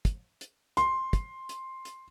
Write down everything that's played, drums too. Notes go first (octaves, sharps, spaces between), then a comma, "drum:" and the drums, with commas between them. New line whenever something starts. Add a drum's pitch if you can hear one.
drum: kick, hi-hat
drum: hi-hat
C6, drum: hi-hat
drum: kick, hi-hat
drum: hi-hat
drum: hi-hat